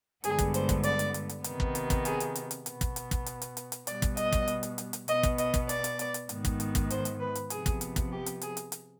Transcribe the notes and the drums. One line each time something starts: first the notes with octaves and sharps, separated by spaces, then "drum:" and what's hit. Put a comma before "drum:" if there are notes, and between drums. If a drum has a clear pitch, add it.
G2 D3 G#3 B3 G#4, drum: hi-hat
drum: kick, hi-hat
C5, drum: hi-hat
drum: kick, hi-hat
D5, drum: hi-hat
drum: hi-hat
drum: hi-hat
drum: hi-hat
C3 D#3 B3, drum: hi-hat
drum: kick
drum: hi-hat
drum: kick, hi-hat
G#4, drum: hi-hat
drum: hi-hat
drum: hi-hat
drum: hi-hat
B2 B3, drum: hi-hat
drum: kick, hi-hat
drum: hi-hat
drum: kick, hi-hat
drum: hi-hat
drum: hi-hat
drum: hi-hat
drum: hi-hat
B2 G3 B3 D5, drum: hi-hat
drum: kick, hi-hat
D#5, drum: hi-hat
drum: kick, hi-hat
drum: hi-hat
drum: hi-hat
drum: hi-hat
drum: hi-hat
B2 B3 D#5, drum: hi-hat
drum: kick, hi-hat
D#5, drum: hi-hat
drum: kick, hi-hat
D5, drum: hi-hat
drum: hi-hat
drum: hi-hat
drum: hi-hat
G#2 D#3 B3, drum: hi-hat
drum: kick, hi-hat
drum: hi-hat
drum: kick, hi-hat
C5, drum: hi-hat
drum: hi-hat
B4
drum: hi-hat
C3 F3 B3 G#4, drum: hi-hat
drum: kick, hi-hat
drum: hi-hat
drum: kick, hi-hat
G4
drum: hi-hat
G#4, drum: hi-hat
drum: hi-hat
drum: hi-hat